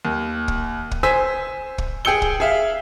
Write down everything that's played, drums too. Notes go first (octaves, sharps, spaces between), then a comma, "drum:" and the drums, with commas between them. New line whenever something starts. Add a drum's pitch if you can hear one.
D#2
drum: kick
drum: kick
C5 G#5 E6 B6
drum: kick
G#4 G5 E6 C#7 G7
drum: kick
G#4 E5 F5